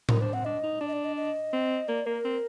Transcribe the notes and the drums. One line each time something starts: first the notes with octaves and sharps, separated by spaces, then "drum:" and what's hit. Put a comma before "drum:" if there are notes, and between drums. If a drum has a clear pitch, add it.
D#4 A#4, drum: tom A2
D4 C5
C4 F#5
D4 D#5
D#4
D4 D5
D#5
D5
D#5
D#5
C4
A#3 D5
A#3 A#4
C4